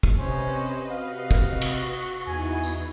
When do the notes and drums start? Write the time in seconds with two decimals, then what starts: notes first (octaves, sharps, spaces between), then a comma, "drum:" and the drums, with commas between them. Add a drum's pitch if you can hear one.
0.03 drum: kick
0.18 C3 C#4 B4 C5 D#5
0.91 F#4 F5
1.31 drum: kick
1.61 drum: cymbal
2.27 E2 B3 D#4 E4 G#5
2.63 drum: tambourine